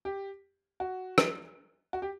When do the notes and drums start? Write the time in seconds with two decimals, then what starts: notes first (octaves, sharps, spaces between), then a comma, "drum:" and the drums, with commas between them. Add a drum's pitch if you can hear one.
0.05 G4
0.80 F#4
1.18 drum: rim click
1.93 F#4
2.02 G4